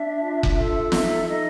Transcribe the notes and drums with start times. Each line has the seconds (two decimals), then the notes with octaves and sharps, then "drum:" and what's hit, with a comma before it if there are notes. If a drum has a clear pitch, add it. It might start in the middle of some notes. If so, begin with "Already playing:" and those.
Already playing: D4 E5
0.19 F4
0.43 drum: kick F1
0.55 A4
0.92 D#4 E5, drum: snare
1.29 D#4 D#5